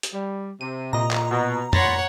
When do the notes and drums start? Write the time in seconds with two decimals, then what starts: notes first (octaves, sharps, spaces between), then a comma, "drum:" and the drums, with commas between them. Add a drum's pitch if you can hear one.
0.03 drum: hi-hat
0.14 G3
0.61 C3 D#7
0.93 A#2 D#5 A#5
1.11 drum: clap
1.31 B2
1.73 A#2 C#5 F#5 B5 C6 A6 A#6, drum: tom